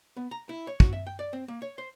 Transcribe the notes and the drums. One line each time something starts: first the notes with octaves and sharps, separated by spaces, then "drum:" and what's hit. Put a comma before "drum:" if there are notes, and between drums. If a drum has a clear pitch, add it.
B3
A#5
E4
C#5
F#4, drum: kick
E5
G5
D5
C4
A#3
C#5
C5